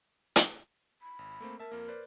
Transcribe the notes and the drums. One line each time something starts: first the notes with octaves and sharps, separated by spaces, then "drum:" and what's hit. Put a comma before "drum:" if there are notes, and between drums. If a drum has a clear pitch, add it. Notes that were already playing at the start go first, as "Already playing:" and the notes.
drum: hi-hat
B5
G#1
A3 A#3 C4
A#4 E5 A5
F2 A#3
B4 C5 D5